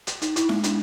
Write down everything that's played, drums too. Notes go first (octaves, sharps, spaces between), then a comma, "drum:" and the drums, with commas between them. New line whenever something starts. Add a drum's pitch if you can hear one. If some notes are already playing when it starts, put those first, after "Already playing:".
drum: hi-hat
D#4, drum: hi-hat
E4, drum: hi-hat
G#3, drum: snare E4
D4, drum: hi-hat